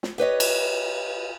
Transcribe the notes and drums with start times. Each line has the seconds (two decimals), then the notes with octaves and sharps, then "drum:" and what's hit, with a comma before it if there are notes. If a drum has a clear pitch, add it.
0.03 drum: snare
0.18 G4 B4 C#5 D#5
0.40 drum: cymbal